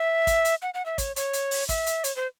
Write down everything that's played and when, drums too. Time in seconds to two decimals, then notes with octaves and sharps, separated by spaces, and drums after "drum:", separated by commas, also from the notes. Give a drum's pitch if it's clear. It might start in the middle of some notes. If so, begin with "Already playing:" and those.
Already playing: E5
0.27 drum: kick, hi-hat
0.45 drum: hi-hat
0.62 F#5
0.74 F#5
0.86 E5
0.98 C#5, drum: kick, hi-hat
1.16 C#5, drum: hi-hat
1.33 drum: hi-hat
1.51 drum: open hi-hat
1.69 E5, drum: kick, hi-hat
1.86 drum: hi-hat
2.04 C#5, drum: hi-hat
2.16 C5